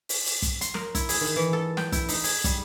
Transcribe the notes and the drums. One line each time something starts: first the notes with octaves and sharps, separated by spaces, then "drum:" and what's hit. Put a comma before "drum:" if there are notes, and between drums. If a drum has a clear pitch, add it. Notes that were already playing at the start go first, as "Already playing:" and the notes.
drum: open hi-hat
drum: open hi-hat
drum: kick, hi-hat
C6, drum: hi-hat
A#4, drum: snare
E4, drum: kick, hi-hat
G#4, drum: open hi-hat
D#3
E3
A4
G5, drum: snare
E4, drum: kick, hi-hat
D#4, drum: open hi-hat
G#4, drum: open hi-hat
G3, drum: kick, hi-hat